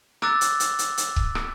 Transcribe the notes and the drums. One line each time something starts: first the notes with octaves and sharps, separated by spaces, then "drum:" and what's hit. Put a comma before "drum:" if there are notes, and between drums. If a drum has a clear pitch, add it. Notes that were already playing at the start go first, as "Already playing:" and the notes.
A#5 D6 E6 F#6 A6, drum: rim click
drum: hi-hat
drum: hi-hat
drum: hi-hat
drum: hi-hat
drum: kick C#1
drum: rim click